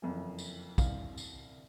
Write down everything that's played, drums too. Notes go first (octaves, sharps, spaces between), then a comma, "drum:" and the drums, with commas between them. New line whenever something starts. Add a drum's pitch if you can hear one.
F#1 F2 E3
drum: tambourine
C2 F5, drum: kick, tambourine
drum: tambourine